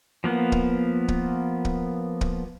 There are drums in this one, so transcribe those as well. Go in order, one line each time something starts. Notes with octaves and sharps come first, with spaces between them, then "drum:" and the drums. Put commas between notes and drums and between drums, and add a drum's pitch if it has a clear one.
F3 A#3 B3
drum: kick
drum: kick
drum: kick
drum: kick